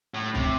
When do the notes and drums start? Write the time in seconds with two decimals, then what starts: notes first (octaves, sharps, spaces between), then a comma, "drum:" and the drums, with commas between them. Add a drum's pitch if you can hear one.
0.14 A2
0.35 C3, drum: kick